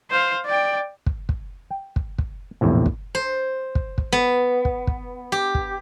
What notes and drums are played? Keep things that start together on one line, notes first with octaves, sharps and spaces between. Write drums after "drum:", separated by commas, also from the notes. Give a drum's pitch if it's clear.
C5 F5
D5 G5
drum: kick
drum: kick
G5
drum: kick
drum: kick
A#1 E2 A2 C3
drum: kick
C5
drum: kick
drum: kick
B3
drum: kick
drum: kick
G4
drum: kick